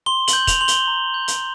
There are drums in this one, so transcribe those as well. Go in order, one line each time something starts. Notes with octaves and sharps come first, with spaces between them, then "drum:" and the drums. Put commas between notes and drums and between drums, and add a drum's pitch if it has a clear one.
C6 G7
F#7, drum: hi-hat
G6
F7, drum: kick, hi-hat
C6 F#7
G7, drum: hi-hat
A#5
G6
drum: hi-hat